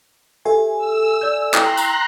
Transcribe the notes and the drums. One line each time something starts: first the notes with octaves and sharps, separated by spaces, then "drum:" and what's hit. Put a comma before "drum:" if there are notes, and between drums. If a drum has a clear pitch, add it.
G4 A4 E5 G#5
E6
D5 G6
E4 G5 A#5 C6 F#6, drum: clap
drum: tambourine